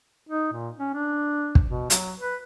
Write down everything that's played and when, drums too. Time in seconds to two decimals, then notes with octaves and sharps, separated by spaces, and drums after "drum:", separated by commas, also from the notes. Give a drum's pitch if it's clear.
0.29 D#4
0.53 A#2
0.79 C#4
0.94 D4
1.55 drum: kick
1.67 B2
1.90 F#3, drum: hi-hat
2.20 B4